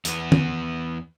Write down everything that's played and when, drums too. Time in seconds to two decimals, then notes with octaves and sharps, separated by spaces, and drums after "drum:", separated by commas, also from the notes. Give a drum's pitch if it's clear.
0.05 E2 B3, drum: hi-hat
0.32 drum: tom D#3